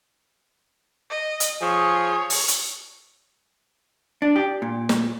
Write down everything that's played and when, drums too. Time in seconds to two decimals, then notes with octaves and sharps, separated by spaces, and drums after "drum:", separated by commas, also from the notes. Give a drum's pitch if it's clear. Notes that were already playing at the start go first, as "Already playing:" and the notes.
1.10 D#5
1.40 drum: hi-hat
1.61 F3 G#4 C#5
2.30 drum: open hi-hat
2.48 drum: hi-hat
4.22 D4
4.36 G4
4.62 A#2
4.89 drum: snare